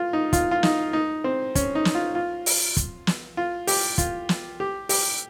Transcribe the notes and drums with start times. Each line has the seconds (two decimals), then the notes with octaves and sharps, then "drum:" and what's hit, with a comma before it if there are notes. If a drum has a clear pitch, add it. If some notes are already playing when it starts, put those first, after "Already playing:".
Already playing: F4
0.13 D#4
0.33 F4, drum: kick, hi-hat
0.51 F4
0.63 D#4, drum: snare
0.93 D#4
1.24 C4
1.55 C#4, drum: kick, hi-hat
1.75 D#4
1.85 drum: snare
1.95 F4
2.15 F4
2.46 drum: open hi-hat
2.77 drum: kick, hi-hat
3.07 drum: snare
3.37 F4
3.67 G4, drum: open hi-hat
3.98 F4, drum: kick, hi-hat
4.29 drum: snare
4.60 G4
4.89 G4, drum: open hi-hat